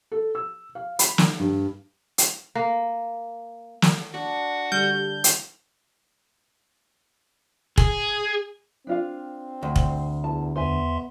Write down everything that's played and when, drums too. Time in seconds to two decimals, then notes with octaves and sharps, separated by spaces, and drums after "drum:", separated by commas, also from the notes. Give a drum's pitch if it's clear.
0.12 A4
0.35 E6
0.75 F5
0.99 B5, drum: hi-hat
1.18 D#4, drum: snare
1.39 G2
2.18 drum: hi-hat
2.55 A#3
3.82 drum: snare
4.14 D4 F#4 D5
4.72 D3 G3 G6
5.24 drum: hi-hat
7.78 G#4, drum: kick
8.87 C4 D4 F4 F5
9.63 D2
9.76 drum: kick
10.24 E2 A5
10.56 E2 B3 C5 E5 G#5 C6